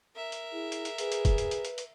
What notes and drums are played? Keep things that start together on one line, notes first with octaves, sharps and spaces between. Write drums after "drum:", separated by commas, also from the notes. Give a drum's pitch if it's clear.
A#4 E5
drum: hi-hat
E4 G#4
drum: hi-hat
drum: hi-hat
G#4 B4, drum: hi-hat
drum: hi-hat
drum: kick, hi-hat
drum: hi-hat
drum: hi-hat
drum: hi-hat
drum: hi-hat